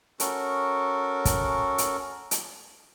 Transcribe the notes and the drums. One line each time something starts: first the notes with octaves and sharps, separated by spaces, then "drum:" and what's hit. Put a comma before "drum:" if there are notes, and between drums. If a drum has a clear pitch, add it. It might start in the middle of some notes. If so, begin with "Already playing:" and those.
C#4 F#4 A4 A#4, drum: hi-hat
drum: kick, hi-hat
drum: hi-hat
drum: hi-hat